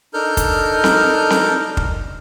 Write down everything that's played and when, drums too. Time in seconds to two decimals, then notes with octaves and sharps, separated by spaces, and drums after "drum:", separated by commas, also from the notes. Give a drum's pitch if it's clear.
0.14 D4 D#4 A4 A#4 F6 G6
0.37 drum: kick, hi-hat
0.84 drum: snare C4
1.30 drum: snare C4
1.77 drum: kick